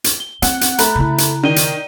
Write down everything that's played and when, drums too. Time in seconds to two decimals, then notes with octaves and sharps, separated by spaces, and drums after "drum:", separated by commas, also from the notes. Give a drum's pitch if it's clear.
0.04 drum: hi-hat
0.20 G7
0.42 C4 F#5, drum: hi-hat
0.61 drum: hi-hat
0.78 A3 A#5 B5 F#6, drum: hi-hat
0.96 C#3 E4
1.18 drum: hi-hat
1.43 D#3 D5 D#7 G7
1.56 drum: hi-hat